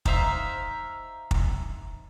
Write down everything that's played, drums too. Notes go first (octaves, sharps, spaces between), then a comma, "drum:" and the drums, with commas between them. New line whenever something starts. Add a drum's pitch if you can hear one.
D#4 C5 E5 F5, drum: kick
drum: kick